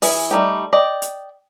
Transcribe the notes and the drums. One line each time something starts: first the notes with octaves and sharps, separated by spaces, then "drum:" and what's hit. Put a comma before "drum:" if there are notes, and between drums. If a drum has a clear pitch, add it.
E3 G#4 E5, drum: open hi-hat
G3 A3 D#4 G4
D5 D#5 G5
drum: hi-hat